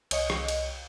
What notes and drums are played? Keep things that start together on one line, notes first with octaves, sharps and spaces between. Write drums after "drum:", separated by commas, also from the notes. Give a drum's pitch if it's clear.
C2 C#5 D#5 C#7, drum: cymbal
drum: rim click
drum: cymbal